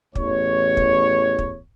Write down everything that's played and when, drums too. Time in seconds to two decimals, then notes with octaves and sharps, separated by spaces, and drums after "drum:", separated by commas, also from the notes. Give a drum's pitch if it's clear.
0.15 A1 E2 C#5, drum: kick
0.77 drum: kick
1.39 drum: kick